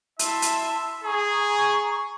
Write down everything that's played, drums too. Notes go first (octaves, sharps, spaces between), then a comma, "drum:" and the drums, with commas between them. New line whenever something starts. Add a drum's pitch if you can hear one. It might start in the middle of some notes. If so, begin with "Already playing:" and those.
E4 E5 A5 C6, drum: hi-hat
drum: hi-hat
G#4 A#5 C#6